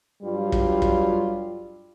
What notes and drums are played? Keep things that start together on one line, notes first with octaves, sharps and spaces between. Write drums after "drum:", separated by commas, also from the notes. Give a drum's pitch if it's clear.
G2 F#3 G3 F4
drum: kick
drum: kick